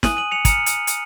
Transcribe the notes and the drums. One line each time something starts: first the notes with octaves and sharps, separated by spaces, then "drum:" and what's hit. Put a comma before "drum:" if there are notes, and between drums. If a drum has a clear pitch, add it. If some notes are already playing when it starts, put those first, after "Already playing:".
G#5 D#6 F#6 D#7 F#7, drum: snare
D#7 F#7
C#7 F7
A#5 F6 C#7 F7, drum: kick, hi-hat
drum: hi-hat
drum: hi-hat